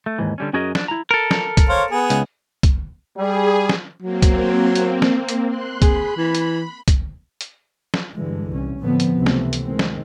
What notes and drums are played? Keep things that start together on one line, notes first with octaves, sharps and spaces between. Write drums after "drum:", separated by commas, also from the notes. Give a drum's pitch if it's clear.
A3
D#2 G#2 E3
D3 G3 C#4
F#2 C#4 F#4 G#4 A#4 D#5
D4, drum: snare
E4 A#5
A4 A#4
drum: snare
drum: kick C2, hi-hat
C5 C#5 F5
B3 G#4
C#2, drum: hi-hat
drum: kick C2, hi-hat
G3 G#4
drum: snare
F#3 A#3 C4
drum: kick C2, hi-hat
drum: hi-hat
drum: snare
drum: hi-hat
C6 F#6
G#4 B5, drum: kick C2, hi-hat
E3
drum: hi-hat
drum: kick C2, hi-hat
drum: hi-hat
drum: snare
G2 D3 E3 G#3
C2 C#4
A2 D3 F3 B3 C4
drum: hi-hat
C#2 C3 E3 A3 B3 C4
drum: snare
drum: hi-hat
D#3 G#3 C4
drum: snare